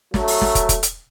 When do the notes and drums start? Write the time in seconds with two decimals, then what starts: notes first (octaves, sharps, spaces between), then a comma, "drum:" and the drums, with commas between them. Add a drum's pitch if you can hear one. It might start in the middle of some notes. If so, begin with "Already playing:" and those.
0.14 F#3 A3, drum: snare
0.28 drum: open hi-hat
0.41 drum: snare
0.55 drum: kick, hi-hat
0.69 drum: kick, hi-hat
0.83 drum: hi-hat